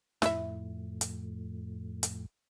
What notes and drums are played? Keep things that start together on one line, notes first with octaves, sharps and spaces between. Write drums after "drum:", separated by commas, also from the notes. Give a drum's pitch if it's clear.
F2 A2 E4 E5, drum: snare
drum: hi-hat
drum: hi-hat